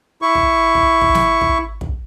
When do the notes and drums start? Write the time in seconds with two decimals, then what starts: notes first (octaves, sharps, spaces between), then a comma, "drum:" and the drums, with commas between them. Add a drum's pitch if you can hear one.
0.22 E4 C#6
0.35 drum: kick
0.75 drum: kick
1.01 drum: kick
1.15 drum: snare
1.41 drum: kick
1.81 drum: kick